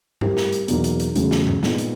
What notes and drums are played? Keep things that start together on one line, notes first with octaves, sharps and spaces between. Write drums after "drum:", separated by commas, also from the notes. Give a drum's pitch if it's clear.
G3 C4 E4 G4 A#4, drum: tom G2
drum: snare
drum: hi-hat
E2 B2 F#3 A#3 D#4, drum: hi-hat
drum: hi-hat
drum: hi-hat
E2 C#3 F#3 A3, drum: hi-hat
drum: snare
drum: tom G2
A#2 F3 G#3 B3 D#4, drum: snare
drum: hi-hat